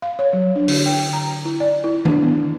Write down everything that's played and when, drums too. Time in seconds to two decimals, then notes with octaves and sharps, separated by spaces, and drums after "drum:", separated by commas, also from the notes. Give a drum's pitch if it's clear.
0.02 F5
0.19 C#5
0.33 F#3
0.56 D4
0.68 D3, drum: open hi-hat
0.86 G5
1.13 A#5
1.45 E4
1.60 D5
1.84 E4
2.05 D4, drum: tom
2.22 B3